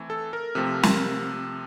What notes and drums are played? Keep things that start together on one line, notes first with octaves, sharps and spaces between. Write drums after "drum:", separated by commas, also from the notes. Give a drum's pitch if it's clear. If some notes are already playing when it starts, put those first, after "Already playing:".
Already playing: E3 A3 C4
A4
A#4
C3 F3 A3 C4
drum: snare